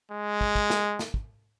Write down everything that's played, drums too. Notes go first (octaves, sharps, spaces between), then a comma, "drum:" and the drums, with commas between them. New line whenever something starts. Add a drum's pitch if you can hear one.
G#3
drum: kick
drum: kick
drum: snare
drum: snare
drum: kick